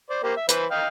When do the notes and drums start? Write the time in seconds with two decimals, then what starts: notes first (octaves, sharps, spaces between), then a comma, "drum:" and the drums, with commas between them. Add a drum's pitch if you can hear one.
0.10 C5 D5
0.23 A#3 G4 C5
0.37 E5
0.49 E3 B4 C5, drum: hi-hat
0.71 D#5 F5 G5